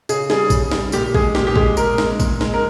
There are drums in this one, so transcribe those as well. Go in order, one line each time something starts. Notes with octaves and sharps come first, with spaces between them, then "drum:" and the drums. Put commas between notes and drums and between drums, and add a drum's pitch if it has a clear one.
C#3 G#4, drum: tambourine
G3 G#4, drum: snare
C#3, drum: kick A#1, tambourine
G3, drum: snare
A#2 G4, drum: tambourine
G#3 G#4, drum: kick A#1
A#2 G4, drum: snare
G4
G#3 G#4, drum: kick A#1
A#2 A#4, drum: tambourine
G#3, drum: snare
A#2, drum: kick A#1, tambourine
G#3, drum: snare
A#4